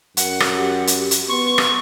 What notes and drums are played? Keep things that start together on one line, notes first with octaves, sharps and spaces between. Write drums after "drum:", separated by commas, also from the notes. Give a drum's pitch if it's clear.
F#2 F#5, drum: hi-hat
drum: rim click
G4
drum: hi-hat
drum: hi-hat
B3 C6 C#6
drum: rim click